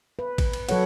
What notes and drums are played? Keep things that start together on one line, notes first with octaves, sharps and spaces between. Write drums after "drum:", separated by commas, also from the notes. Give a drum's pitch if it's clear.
B4
drum: kick A1, cymbal
drum: cymbal
F#3 A4 B4 C#5 F#5, drum: cymbal